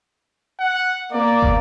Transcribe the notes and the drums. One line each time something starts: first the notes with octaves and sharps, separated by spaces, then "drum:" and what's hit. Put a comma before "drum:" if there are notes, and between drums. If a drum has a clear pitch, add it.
F#5
A#3 D5
drum: kick